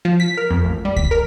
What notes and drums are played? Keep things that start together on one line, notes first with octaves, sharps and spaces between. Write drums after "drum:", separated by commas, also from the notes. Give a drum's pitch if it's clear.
F3
B6
A#4
F2
A1
G3
B6, drum: kick C#2
A#4